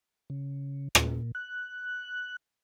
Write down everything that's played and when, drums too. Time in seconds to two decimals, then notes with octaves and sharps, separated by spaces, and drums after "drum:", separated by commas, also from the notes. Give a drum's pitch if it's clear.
0.30 C#3
0.95 A#2, drum: rim click
1.35 F#6